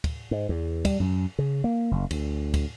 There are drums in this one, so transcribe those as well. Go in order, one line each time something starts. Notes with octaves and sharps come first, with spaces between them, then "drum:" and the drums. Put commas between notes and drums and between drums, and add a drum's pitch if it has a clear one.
drum: kick, cymbal
G#2
E2
G3, drum: kick, cymbal
F#2
C#3
A#3
F#1
D2, drum: cymbal
drum: kick, cymbal